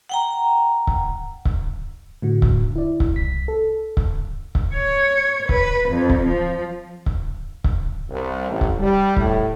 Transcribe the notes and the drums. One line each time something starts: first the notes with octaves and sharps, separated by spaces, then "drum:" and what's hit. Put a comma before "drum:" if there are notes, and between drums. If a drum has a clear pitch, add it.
F#5 G5 A#5
drum: kick C#1
drum: kick C#1
A2 D3 F#4
drum: kick C#1
E4 D5
drum: kick C#1
C2 B6
A4
drum: kick C#1
drum: kick C#1
C#5
B4, drum: kick C#1
F2
drum: kick C#1
F3
drum: kick C#1
drum: kick C#1
C2
A1
drum: kick C#1
G3
A2, drum: kick C#1